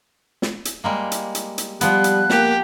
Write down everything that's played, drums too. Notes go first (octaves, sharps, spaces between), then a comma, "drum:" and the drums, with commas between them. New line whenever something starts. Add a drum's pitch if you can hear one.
drum: snare
drum: hi-hat
G3 G#3 A#3
drum: hi-hat
drum: hi-hat
drum: hi-hat
F3 G3 B3 F#6, drum: hi-hat
drum: hi-hat
A#3 G4, drum: snare